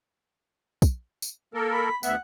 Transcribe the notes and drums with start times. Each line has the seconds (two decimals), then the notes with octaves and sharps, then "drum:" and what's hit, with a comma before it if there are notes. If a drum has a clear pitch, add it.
0.82 drum: kick, tambourine
1.22 drum: tambourine
1.54 A#3 A4 A#4
1.72 B5
2.03 D2 B3 E5 F#5, drum: tambourine